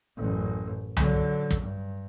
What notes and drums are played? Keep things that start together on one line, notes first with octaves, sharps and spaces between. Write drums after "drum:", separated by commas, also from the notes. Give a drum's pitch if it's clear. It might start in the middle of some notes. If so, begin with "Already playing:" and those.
A1 F#2
D3 F#3, drum: tom C2
drum: kick
G2